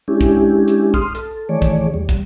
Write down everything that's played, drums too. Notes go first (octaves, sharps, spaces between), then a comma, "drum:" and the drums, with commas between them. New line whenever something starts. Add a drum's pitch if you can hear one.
G#3 C#4 D4 E4 G4 G#4
drum: kick, hi-hat
drum: hi-hat
C6 D#6 F6, drum: kick
A4, drum: hi-hat
D#3 E3 A3 G#4 C#5 D5
drum: kick, hi-hat
E2 G3
drum: kick, hi-hat